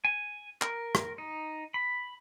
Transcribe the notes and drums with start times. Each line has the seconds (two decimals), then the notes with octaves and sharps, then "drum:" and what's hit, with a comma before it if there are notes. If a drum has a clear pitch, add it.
0.05 G#5
0.62 A#4, drum: clap
0.95 drum: rim click
1.18 D#4
1.74 B5